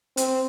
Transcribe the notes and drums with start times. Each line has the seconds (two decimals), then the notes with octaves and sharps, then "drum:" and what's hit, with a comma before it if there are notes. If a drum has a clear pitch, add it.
0.17 C4, drum: hi-hat